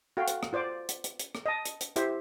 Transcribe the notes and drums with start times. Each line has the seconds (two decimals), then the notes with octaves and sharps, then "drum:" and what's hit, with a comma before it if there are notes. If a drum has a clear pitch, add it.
0.17 F#4 A4 F5 G5
0.27 drum: hi-hat
0.43 drum: rim click
0.53 F4 C5 D5 D6
0.89 drum: hi-hat
1.04 drum: hi-hat
1.19 drum: hi-hat
1.35 drum: rim click
1.46 D#5 A5
1.65 drum: hi-hat
1.81 drum: hi-hat
1.96 E4 G4 C5 E5, drum: hi-hat